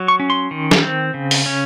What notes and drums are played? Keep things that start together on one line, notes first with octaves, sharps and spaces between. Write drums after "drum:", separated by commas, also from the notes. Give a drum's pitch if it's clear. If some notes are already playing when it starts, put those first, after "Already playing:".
Already playing: F#3
C#6
C#4
C6
D#3
drum: snare
C4
C#3
drum: open hi-hat
C#4